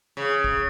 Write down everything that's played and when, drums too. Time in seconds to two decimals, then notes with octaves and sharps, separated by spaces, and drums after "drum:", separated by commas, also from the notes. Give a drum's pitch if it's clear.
0.17 C#3
0.44 drum: kick